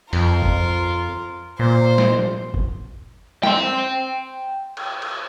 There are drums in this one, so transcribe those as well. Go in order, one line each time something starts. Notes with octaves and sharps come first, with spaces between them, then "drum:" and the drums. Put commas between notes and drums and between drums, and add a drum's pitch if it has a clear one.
F2 F4 A#4, drum: open hi-hat
drum: kick
A#2 C5
drum: snare
drum: tom F3
drum: kick
G5 C6, drum: snare
drum: cymbal
drum: cymbal